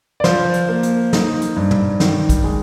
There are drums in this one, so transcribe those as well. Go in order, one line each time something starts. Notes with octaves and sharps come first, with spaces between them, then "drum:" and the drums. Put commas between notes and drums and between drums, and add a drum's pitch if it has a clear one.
D5
F3 C5, drum: snare
drum: hi-hat
A#3
drum: hi-hat
D#4, drum: snare
drum: hi-hat
G2
drum: tom
D#3, drum: snare
drum: kick, hi-hat
G#3